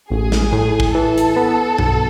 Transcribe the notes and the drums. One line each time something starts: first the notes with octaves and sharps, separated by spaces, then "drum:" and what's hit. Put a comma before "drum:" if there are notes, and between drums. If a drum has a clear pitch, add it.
A1 G#4
drum: snare
A2
drum: kick
E3 A4
drum: hi-hat
B3
B1, drum: tom G2